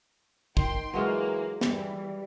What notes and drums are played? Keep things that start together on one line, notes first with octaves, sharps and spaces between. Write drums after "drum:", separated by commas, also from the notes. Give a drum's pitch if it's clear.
D#3 G5 C6, drum: kick
E3 F#3 G#3 A#3 F4
E3 G3, drum: snare